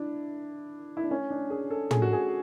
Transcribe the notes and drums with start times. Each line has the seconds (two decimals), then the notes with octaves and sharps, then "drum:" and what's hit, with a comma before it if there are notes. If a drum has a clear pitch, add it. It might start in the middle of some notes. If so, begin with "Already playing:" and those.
Already playing: D4 E4
0.97 E4
1.04 D4
1.11 C#4
1.30 D4
1.50 G#4
1.71 A4
1.91 G#4, drum: tom
2.02 F#4
2.13 G#4